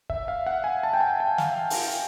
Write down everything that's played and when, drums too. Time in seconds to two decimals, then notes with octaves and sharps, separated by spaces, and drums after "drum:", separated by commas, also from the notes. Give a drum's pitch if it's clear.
0.10 E5, drum: kick
0.28 F5
0.46 F#5
0.64 G#5
0.83 A5
0.93 G5
1.01 G#5
1.20 G5
1.38 F5, drum: snare
1.70 drum: open hi-hat